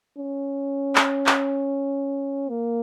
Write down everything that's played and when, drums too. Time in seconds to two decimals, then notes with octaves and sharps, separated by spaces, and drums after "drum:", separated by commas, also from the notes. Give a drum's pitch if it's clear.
0.18 C#4
0.96 drum: clap
1.26 drum: clap
2.50 A#3